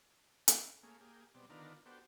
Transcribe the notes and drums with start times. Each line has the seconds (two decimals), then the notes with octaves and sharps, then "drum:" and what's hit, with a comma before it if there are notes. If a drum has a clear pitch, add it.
0.48 drum: hi-hat
0.83 A3 A#3 C#4 G#4
1.01 A#3 G4 G#4
1.35 B2 G3 C4 D5
1.50 D3 D#3 B3 D4 F4 A#4
1.86 B3 D4 F#4 G4 A4 C5